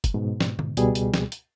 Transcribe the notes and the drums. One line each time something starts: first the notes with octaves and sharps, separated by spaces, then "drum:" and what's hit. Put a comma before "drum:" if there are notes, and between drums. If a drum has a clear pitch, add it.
drum: kick, hi-hat
G#2 B2
drum: snare
drum: tom D3
C#2 B2 G3 G#4, drum: hi-hat
drum: hi-hat
drum: snare
drum: hi-hat